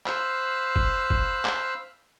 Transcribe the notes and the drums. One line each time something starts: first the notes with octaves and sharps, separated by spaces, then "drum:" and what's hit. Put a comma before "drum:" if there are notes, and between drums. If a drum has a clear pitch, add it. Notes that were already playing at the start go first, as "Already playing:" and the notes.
C5 F5 B5 E6 F#6, drum: clap
drum: kick
drum: kick
drum: clap